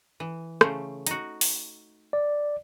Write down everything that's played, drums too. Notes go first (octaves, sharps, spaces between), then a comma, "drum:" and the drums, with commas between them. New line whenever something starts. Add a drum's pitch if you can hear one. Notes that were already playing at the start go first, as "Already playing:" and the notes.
E3
C#3 A3 C5, drum: rim click
D#4 F#4, drum: hi-hat
drum: open hi-hat
D5